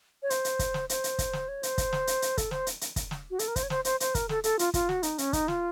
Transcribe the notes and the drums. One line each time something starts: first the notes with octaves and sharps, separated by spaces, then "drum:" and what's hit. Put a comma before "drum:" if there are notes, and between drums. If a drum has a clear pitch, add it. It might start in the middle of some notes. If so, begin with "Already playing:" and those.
C#5
C5, drum: hi-hat
drum: hi-hat
drum: kick, hi-hat
drum: snare
C5, drum: hi-hat
drum: hi-hat
drum: kick, hi-hat
drum: snare
C#5
C5, drum: hi-hat
drum: kick, hi-hat
drum: snare
drum: hi-hat
drum: hi-hat
A4, drum: kick, hi-hat
C5, drum: snare
drum: hi-hat
drum: hi-hat
drum: kick, hi-hat
drum: snare
F#4
A4, drum: hi-hat
A#4
C5, drum: kick, hi-hat
C#5
C5, drum: snare
C5, drum: hi-hat
C5, drum: hi-hat
A#4, drum: kick, hi-hat
A4, drum: snare
A4, drum: hi-hat
F4, drum: hi-hat
F4, drum: kick, hi-hat
F#4, drum: snare
D#4, drum: hi-hat
C#4, drum: hi-hat
D#4, drum: kick, hi-hat
F4, drum: snare